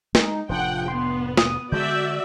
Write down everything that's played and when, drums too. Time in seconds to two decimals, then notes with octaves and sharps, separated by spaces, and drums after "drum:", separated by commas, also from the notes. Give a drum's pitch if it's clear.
0.15 G#3 D#4, drum: snare
0.49 F1 A2 F3 D4 F#5 G5
0.88 B3 C6
1.37 D#6, drum: snare
1.72 D3 G#3 F#4 D5 E5 G6